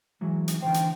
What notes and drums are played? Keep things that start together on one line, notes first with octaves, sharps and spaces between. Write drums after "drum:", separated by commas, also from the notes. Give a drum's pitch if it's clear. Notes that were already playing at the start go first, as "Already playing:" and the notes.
E3 F#3 G#3
drum: hi-hat
D3 E3 C5 G5
drum: hi-hat